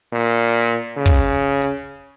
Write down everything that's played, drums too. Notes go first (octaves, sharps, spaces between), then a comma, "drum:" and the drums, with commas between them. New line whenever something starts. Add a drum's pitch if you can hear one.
A#2
C#3
drum: kick
drum: hi-hat